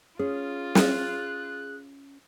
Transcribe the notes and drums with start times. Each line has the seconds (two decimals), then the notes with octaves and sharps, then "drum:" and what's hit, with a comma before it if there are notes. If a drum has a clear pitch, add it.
0.19 C#4 F4 G#4
0.75 F#6, drum: snare